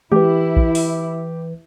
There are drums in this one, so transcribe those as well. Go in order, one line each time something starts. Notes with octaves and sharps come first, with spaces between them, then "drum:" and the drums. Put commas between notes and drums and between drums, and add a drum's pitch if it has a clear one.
E3 E4 G4 B4, drum: tom G#3
drum: kick A#1
drum: open hi-hat